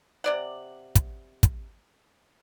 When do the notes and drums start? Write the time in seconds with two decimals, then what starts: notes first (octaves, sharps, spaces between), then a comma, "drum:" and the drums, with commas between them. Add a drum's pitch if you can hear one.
0.24 C3 D5 F#5
0.95 drum: kick, hi-hat
1.43 drum: kick, hi-hat